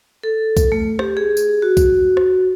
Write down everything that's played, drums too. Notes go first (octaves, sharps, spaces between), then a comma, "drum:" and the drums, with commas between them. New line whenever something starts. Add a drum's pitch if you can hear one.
A4
drum: kick B1, tambourine
A3
G4, drum: rim click
G#4
drum: tambourine
F#4
drum: kick B1, tambourine
drum: rim click